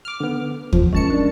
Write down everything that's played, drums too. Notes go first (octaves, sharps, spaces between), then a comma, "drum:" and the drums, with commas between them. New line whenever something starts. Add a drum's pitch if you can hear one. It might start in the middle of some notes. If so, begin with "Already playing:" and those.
D6 F6
D3 B3
F3, drum: kick
G#3 C#4 A#4 A5 C#7
D4